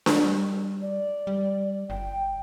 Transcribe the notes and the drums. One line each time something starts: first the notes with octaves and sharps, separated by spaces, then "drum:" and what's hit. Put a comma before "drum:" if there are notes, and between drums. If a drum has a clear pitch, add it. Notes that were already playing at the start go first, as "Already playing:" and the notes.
drum: snare D4
G3
D5
G3
G1 G5